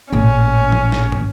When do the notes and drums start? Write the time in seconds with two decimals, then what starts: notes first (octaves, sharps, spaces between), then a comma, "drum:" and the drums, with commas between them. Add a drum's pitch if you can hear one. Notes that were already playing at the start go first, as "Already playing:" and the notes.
0.12 A1 A#2 C#4
0.72 drum: tom E3
0.92 drum: snare
1.12 drum: tom